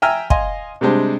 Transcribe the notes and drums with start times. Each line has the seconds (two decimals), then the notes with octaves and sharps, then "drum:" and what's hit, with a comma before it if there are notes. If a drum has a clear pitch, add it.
0.02 E5 G5 G#5 A#5 E6 F6
0.30 D#5 F5 G#5 C6, drum: kick
0.81 C3 G3 G#3 D4 C5